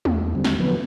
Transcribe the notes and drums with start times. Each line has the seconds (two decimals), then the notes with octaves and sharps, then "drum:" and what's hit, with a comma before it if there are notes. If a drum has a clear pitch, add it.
0.05 E2, drum: tom
0.35 D3 G3 C4
0.44 drum: snare
0.60 D3 F3 F#3 B3 B4